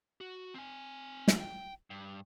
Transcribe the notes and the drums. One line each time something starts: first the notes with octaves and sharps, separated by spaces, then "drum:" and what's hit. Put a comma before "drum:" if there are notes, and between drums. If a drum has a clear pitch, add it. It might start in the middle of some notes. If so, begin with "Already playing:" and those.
F#4
C4 G#5
drum: snare
G5
G2